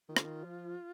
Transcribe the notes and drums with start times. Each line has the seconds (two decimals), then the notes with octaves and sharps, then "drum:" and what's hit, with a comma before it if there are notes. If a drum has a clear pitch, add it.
0.09 D#3 F4
0.16 D3, drum: rim click
0.24 D#3
0.44 F3